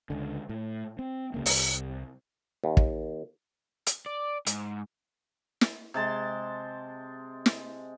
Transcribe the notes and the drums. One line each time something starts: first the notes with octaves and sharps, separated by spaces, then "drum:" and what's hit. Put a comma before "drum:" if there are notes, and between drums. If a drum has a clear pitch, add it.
C#2 D3
A2
C4
C#2 C#3 A#3
C2, drum: open hi-hat
D#2
drum: kick
drum: hi-hat
D5
G#2, drum: hi-hat
drum: snare
C3 G#3 A5 C6
drum: snare